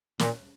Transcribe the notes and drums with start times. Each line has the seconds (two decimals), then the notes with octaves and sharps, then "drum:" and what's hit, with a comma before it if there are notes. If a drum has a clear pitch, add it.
0.19 A#2, drum: snare